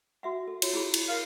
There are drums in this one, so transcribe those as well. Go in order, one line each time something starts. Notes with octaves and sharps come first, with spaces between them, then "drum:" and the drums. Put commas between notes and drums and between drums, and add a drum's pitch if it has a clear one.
F#4 E5 F#5
A4
F4 F#4 C#5, drum: cymbal
E4 G#4 B5
drum: cymbal
A#4 F5